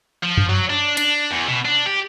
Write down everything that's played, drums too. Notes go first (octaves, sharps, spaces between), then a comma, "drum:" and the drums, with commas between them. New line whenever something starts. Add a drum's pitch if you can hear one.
F3
drum: tom F#2
F#3
D4
D4, drum: cymbal
E2
B2
D4
G4